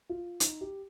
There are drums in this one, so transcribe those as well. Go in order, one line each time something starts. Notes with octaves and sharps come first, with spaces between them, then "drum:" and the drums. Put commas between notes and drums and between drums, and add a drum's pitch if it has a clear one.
F4
D#4, drum: hi-hat
G4